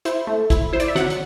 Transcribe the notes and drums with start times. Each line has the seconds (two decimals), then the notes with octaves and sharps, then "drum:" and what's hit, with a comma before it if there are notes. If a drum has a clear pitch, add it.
0.05 E4 C5, drum: hi-hat
0.27 A3
0.50 E4, drum: kick, hi-hat
0.73 E4 C5
0.80 D5, drum: hi-hat
0.88 E5
0.95 F#3 F#5, drum: snare
1.10 drum: hi-hat